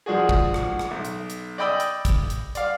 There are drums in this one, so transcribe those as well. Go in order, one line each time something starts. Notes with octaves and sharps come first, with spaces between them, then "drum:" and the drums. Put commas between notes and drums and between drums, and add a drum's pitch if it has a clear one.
F3 G#3 D4 F#4 G#4
drum: kick
drum: rim click
drum: rim click
B1
drum: hi-hat
drum: hi-hat
D5 D#5 G5 B5 D#6 E6
drum: hi-hat
drum: kick, hi-hat
drum: hi-hat
D5 F5, drum: hi-hat